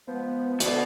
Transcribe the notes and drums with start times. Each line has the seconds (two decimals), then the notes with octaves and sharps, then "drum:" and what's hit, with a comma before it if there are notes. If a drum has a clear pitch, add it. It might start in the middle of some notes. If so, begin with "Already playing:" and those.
0.08 F3 G#3 B3
0.60 D2 B2 D3 A3, drum: hi-hat